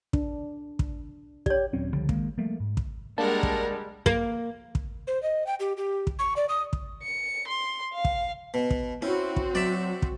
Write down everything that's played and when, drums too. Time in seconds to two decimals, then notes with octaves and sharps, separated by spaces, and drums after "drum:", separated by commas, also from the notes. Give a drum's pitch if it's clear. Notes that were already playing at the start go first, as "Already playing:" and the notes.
0.13 D4, drum: kick
0.79 drum: kick
1.46 G4 C#5 D5, drum: kick
1.73 D#1 F#3 C4 C#4
1.93 C#2 D3 F3 G3
2.09 D#3 G#3 A#3, drum: kick
2.38 F3 G3 A3 A#3
2.60 G#2
2.77 drum: kick
3.18 G3 G#3 A#3 D4 A#4 F#5 A5
3.43 drum: kick
4.06 A#3, drum: kick
4.75 drum: kick
5.07 C5
5.23 D#5
5.47 G5
5.60 G4
5.77 G4
6.07 drum: kick
6.19 C#6
6.36 D5
6.49 D#6
6.73 drum: kick
7.03 C#7
7.48 C6
7.94 F5
8.05 drum: kick
8.54 B2
8.71 drum: kick
9.02 C4 C#4 E4 F#4
9.36 drum: kick
9.55 F#3 D5 E5
10.02 drum: kick